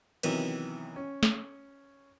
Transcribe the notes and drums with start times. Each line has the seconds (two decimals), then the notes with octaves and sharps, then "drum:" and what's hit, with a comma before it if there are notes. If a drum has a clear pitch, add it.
0.23 C3 D#3 E3 F#3 B3, drum: cymbal
0.96 C#4
1.23 drum: snare